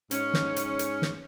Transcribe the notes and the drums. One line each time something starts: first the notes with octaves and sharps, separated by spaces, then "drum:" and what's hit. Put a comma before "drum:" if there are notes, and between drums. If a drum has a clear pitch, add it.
G#2 C#4, drum: hi-hat
drum: snare
drum: hi-hat
drum: hi-hat
drum: snare